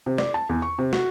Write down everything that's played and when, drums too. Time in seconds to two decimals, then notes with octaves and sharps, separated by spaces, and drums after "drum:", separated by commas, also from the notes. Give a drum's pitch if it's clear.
0.06 C3
0.18 D5, drum: snare
0.34 A5
0.49 E2
0.62 C#6
0.78 C3
0.93 F#4, drum: snare